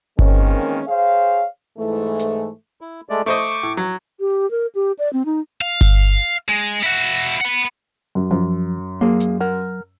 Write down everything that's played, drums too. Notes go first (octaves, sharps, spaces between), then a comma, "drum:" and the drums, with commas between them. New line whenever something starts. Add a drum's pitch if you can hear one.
D#3 E3 G#3 A#3 C4 C#4, drum: kick G1
G#4 C5 C#5 F5
G#2 E3 A3
drum: hi-hat
E4
G#3 A3 D5
A3 C5 D#5 C#6 D6
A2
F#3
G4
A#4
G4
D5
C4
D#4
F5
drum: kick G1
G#3
E4 F#4
F#5 B5
F#2
F#2 F3
F#3 A#3 G#4
drum: hi-hat
A#4 F#5